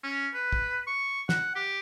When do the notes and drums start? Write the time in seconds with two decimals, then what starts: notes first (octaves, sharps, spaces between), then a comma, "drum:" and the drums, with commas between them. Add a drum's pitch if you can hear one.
0.03 C#4
0.34 B4
0.53 drum: kick
0.87 C#6
1.29 F#5, drum: snare
1.55 G4